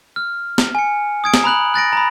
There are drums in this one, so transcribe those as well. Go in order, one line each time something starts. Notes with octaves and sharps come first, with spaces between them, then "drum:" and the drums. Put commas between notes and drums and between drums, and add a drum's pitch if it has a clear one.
F6
drum: snare
G#5 C#7
D#6 G#6 D7
drum: snare
A#5 B5 F#6 F#7
F#6 A6 A#6 D7
A#5 B5